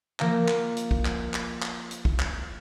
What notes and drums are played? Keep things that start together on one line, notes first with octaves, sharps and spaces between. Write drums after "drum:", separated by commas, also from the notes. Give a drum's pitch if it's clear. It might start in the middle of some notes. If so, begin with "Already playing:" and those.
F3 A#3 F5 A#5, drum: clap
drum: clap
drum: hi-hat
drum: kick
drum: clap
drum: clap
drum: clap
drum: hi-hat
drum: kick
drum: clap